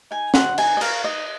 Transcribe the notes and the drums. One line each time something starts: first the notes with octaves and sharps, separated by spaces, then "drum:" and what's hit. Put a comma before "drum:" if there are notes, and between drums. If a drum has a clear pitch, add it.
D#4 G#5
F#4 C5 D#5 F#5, drum: snare
D#4 G#5, drum: cymbal
D#5
A#4 C#5 F5, drum: cymbal
D#4 D#5